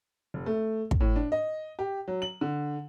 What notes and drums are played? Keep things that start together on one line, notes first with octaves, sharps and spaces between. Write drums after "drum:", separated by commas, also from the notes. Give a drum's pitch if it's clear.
F1
A3
drum: kick
A2
D4
D#5
G4
F#3
F#7
D3